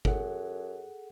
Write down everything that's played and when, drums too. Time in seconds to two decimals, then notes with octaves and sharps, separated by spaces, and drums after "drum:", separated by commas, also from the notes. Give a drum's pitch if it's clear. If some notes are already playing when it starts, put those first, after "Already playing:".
0.05 F#2 G#4 A4 F#5, drum: kick